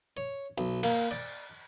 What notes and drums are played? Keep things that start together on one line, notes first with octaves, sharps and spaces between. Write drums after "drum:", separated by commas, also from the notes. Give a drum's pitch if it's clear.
C#5
B1, drum: hi-hat
A#3, drum: cymbal
D5